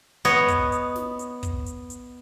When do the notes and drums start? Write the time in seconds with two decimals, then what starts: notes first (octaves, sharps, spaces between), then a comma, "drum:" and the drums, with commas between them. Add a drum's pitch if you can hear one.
0.25 B3 C#5 D#5, drum: snare
0.48 drum: kick, hi-hat
0.72 drum: hi-hat
0.96 drum: snare
1.19 drum: hi-hat
1.43 drum: kick, hi-hat
1.66 drum: hi-hat
1.90 drum: hi-hat